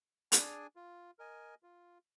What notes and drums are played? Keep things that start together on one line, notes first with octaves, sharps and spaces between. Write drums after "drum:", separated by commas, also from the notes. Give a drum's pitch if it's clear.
D4 G#4 D5 G#5, drum: hi-hat
F4
A#4 D#5 G#5
F4